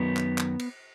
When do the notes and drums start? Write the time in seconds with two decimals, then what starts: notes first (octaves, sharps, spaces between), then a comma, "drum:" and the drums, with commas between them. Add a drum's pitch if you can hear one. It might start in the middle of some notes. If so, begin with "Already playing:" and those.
Already playing: F#2 D#3 F#3 B3
0.17 drum: clap
0.38 drum: clap
0.59 drum: cymbal